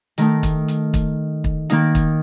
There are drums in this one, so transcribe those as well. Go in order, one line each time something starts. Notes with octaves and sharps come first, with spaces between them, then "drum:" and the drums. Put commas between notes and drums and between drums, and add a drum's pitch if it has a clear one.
D#3 A3 D#4, drum: hi-hat
drum: kick, hi-hat
drum: hi-hat
drum: kick, hi-hat
drum: kick
D#3 A#3 D#4, drum: hi-hat
drum: kick, hi-hat